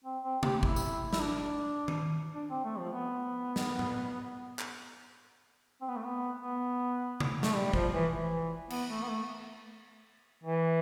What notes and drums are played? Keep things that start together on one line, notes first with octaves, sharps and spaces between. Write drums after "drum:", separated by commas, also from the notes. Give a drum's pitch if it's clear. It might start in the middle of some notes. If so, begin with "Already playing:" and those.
C4
C4
G4, drum: tom C3
E4, drum: kick
drum: tambourine
E4, drum: snare
D4
drum: tom D#3
D4
C4
A3
F3
B3
drum: snare
drum: tom A2
drum: clap
C4
B3
A3
B3
B3
drum: tom C3
A3, drum: snare
G3
F3, drum: kick
E3
E3
B3, drum: cymbal
A3
B3
A3
E3